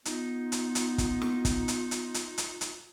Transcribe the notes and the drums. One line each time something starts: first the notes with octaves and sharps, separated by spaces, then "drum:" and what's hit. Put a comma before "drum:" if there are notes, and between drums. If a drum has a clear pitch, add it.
B3 D#4 F4, drum: hi-hat
drum: hi-hat
drum: hi-hat
drum: kick, hi-hat
drum: snare
drum: kick, hi-hat
drum: hi-hat
drum: hi-hat
drum: hi-hat
drum: hi-hat
drum: hi-hat